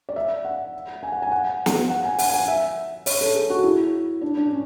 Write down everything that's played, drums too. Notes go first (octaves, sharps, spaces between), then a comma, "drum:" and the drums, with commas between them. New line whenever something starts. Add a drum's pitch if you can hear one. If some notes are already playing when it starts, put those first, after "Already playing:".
D5
E5
F#5
G#5
F#5
G#5
F#5
drum: snare
F#5
G#5
F#5, drum: open hi-hat
G#5
F#5
E5
C#5, drum: open hi-hat
A4
G#4
F#4
E4
D4
D4
C#4